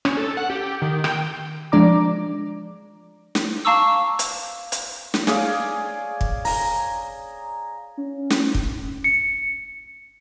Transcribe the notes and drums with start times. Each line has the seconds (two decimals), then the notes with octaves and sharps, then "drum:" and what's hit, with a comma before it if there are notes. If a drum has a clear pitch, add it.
0.05 C#4, drum: rim click
0.17 A4
0.37 F#5
0.50 G4
0.82 D#3
1.04 G5, drum: rim click
1.72 F3 G#3 D4 D5 A#5 D6
3.35 drum: snare
3.65 F5 A5 A#5 C#6 D6 E6
4.19 drum: hi-hat
4.72 drum: hi-hat
5.14 drum: snare
5.27 G#4 C#5 D5 F5, drum: snare
6.21 drum: kick
6.45 A#5, drum: open hi-hat
7.98 C#4
8.30 drum: snare
8.55 drum: kick
9.04 C#7